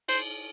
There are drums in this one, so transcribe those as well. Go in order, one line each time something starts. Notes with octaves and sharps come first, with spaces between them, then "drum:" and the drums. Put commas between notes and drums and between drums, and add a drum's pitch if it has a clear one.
C5, drum: cymbal